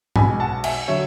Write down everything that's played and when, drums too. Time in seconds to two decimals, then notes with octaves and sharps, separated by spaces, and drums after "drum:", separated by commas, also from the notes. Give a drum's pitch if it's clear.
0.16 B1 B2 G#3 G#5 B5, drum: tom G#2
0.40 F#5 A5
0.64 E5 G#5, drum: cymbal
0.88 D3 F#3 C#5 E5